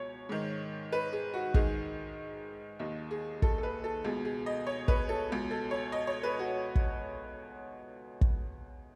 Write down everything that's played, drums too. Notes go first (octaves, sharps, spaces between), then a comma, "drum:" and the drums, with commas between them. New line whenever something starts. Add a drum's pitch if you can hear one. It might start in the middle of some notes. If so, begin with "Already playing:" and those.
Already playing: C#2 B2 C#5
G#2 D#3
B4
G#4
F#4
G#2 D#3 G#4, drum: kick
D#2 D#3
G#4
A4, drum: kick
A4
B4
A4
C#2 B2 G#4
G#4
D#5
C#5
B4, drum: kick
A4
C#2 B2
A4
C#5
D#5
C#5
B4
F#4
drum: kick
drum: kick